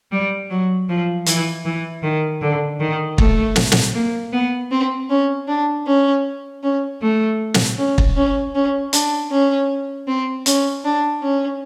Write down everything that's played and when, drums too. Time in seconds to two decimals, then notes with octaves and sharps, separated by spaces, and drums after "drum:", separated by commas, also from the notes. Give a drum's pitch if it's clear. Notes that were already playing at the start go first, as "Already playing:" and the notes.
0.11 G3
0.50 F#3
0.88 F3
1.26 E3, drum: hi-hat
1.65 E3
2.03 D#3
2.42 D3
2.80 D#3
3.18 A3, drum: kick
3.56 drum: snare
3.72 drum: snare
3.95 A#3
4.33 B3
4.71 C4
5.10 C#4
5.48 D4
5.87 C#4
6.63 C#4
7.01 A3
7.54 drum: snare
7.78 C#4
7.98 drum: kick
8.16 C#4
8.54 C#4
8.93 D4, drum: hi-hat
9.31 C#4
10.07 C4
10.46 C#4, drum: hi-hat
10.84 D4
11.22 C#4